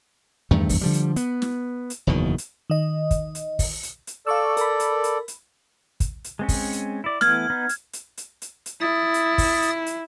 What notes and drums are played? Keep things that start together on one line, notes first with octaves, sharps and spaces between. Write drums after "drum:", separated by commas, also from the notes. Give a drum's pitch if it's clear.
E2 G2 D#3 A3
drum: kick, open hi-hat
D3 F3 G3
drum: hi-hat
B3, drum: hi-hat
drum: snare
drum: hi-hat
F#1 E2 B2 D#3
drum: hi-hat
D#3 D#5
drum: kick, hi-hat
drum: hi-hat
drum: kick, open hi-hat
drum: hi-hat
drum: hi-hat
A4 D5 F5 C#6 E6
A#4 B5, drum: hi-hat
drum: hi-hat
drum: hi-hat
drum: hi-hat
drum: kick, hi-hat
drum: hi-hat
G#3 C4 C#4
drum: kick, open hi-hat
drum: hi-hat
E4 D5
E3 A3 B3 F6 G#6, drum: snare
B3 D#4
drum: hi-hat
drum: hi-hat
drum: hi-hat
drum: hi-hat
drum: hi-hat
E4 D#6 A6
drum: hi-hat
drum: kick, open hi-hat
drum: hi-hat
drum: hi-hat